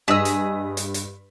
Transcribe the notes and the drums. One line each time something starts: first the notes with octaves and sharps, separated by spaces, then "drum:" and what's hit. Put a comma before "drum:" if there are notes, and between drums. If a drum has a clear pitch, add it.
G2 G#4 D#5 E6 B6 E7
drum: hi-hat
drum: hi-hat
drum: hi-hat